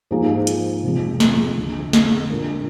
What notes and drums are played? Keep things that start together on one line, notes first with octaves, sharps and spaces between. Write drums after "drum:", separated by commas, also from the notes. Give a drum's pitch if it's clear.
G#2 F3 A#3 D#4 G#4
drum: hi-hat
F1 F2 F3 G#3
drum: snare
D2 D3 F3
drum: snare
A#2 G#3 D4 F4 A#4